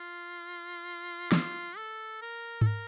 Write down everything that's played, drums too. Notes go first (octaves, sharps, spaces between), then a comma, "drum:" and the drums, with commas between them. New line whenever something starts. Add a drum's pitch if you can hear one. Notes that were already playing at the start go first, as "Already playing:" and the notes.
Already playing: F4
F4, drum: snare
A4
A#4
A4, drum: tom G#2
A#4